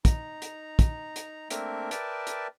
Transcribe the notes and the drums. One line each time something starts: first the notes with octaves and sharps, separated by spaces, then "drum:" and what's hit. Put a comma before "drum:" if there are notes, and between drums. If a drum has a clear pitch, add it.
D#4 A#5, drum: kick, hi-hat
drum: hi-hat
drum: kick, hi-hat
drum: hi-hat
A3 A#3 C4 D4 A#4 E5, drum: hi-hat
A#4 B4 D5 E5 G5 A5, drum: hi-hat
drum: hi-hat